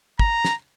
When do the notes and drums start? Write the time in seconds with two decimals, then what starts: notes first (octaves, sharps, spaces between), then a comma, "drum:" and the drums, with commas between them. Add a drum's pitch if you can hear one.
0.19 A#5, drum: kick
0.45 drum: snare